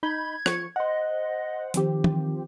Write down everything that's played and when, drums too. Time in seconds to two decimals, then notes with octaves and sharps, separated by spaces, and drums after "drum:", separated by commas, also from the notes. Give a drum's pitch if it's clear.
0.03 D#4 B5 G6 G#6
0.46 F3 C#6 C#7, drum: rim click
0.76 C5 D#5 F#5
1.74 D#3 F3 C4 G4, drum: hi-hat
2.04 drum: tom E3